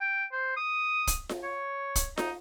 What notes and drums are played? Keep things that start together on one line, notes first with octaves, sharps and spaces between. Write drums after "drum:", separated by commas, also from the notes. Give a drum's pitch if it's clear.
G5
C5
D#6
drum: kick, hi-hat
drum: snare F4
C#5
drum: kick, hi-hat
D#4, drum: snare F4